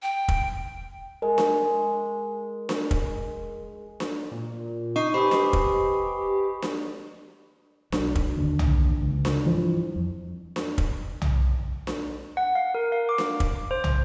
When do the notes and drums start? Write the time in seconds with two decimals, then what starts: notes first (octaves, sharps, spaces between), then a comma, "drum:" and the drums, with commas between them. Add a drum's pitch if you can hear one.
0.03 G5
0.28 drum: kick
1.22 G#3 A#4
1.38 drum: snare D4
2.69 drum: snare D4
2.91 drum: kick
4.00 drum: snare D4
4.31 A#2
4.96 D#4 C#6 C7 D#7
5.14 G4 B4 C5 D#5 G#5 B5 C#6 D#6
5.31 drum: snare D4
5.53 drum: kick
6.62 drum: snare D4
7.92 B1 F#3 D4, drum: snare D4
8.15 drum: kick
8.36 D#2 D3
8.59 drum: tom
9.02 C#2
9.25 drum: snare D4
9.45 G2 E3 F3
9.96 F2
10.56 drum: snare D4
10.78 drum: kick
11.21 drum: tom
11.87 drum: snare D4
12.37 F#5
12.55 F5
12.75 A#4
12.92 F5
13.09 D6
13.18 drum: snare D4
13.40 drum: kick
13.71 C5
13.84 drum: tom